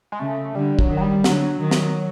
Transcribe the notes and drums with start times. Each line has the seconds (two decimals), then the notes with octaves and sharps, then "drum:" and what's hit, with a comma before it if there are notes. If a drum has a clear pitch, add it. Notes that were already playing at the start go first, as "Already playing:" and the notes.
0.12 G#3
0.19 C#3 A3
0.55 D3 G3
0.79 F#3, drum: kick
0.90 D#3
0.97 F#3
1.01 G3
1.24 D3 F#3, drum: snare
1.59 D#3
1.71 drum: snare